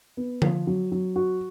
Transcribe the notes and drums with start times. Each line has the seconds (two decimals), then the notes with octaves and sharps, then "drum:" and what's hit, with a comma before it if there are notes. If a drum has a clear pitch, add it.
0.17 B3
0.42 F3, drum: tom D3
0.67 F#3
0.92 F#3
1.16 F#4